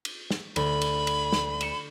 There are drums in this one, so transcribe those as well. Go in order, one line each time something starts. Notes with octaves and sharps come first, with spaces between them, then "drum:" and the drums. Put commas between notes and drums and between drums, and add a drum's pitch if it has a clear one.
drum: cymbal
drum: snare
D2 B5, drum: cymbal
drum: cymbal
drum: cymbal
drum: snare
C#7 E7, drum: cymbal